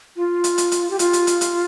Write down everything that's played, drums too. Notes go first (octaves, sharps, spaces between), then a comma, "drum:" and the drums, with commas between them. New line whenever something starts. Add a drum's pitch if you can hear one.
F4
drum: hi-hat
drum: hi-hat
drum: hi-hat
G4
F4, drum: hi-hat
drum: hi-hat
drum: hi-hat
drum: hi-hat